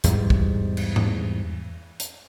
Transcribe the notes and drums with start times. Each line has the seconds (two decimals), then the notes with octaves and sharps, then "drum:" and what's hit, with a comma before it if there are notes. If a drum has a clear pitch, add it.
0.04 E2 G#2 G3, drum: hi-hat
0.30 drum: kick
0.77 drum: cymbal
0.96 drum: tom G#2
2.00 drum: hi-hat